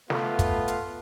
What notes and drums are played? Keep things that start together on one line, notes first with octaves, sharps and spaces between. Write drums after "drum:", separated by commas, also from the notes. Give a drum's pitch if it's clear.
A3 B3 F4, drum: snare
drum: kick, hi-hat
drum: hi-hat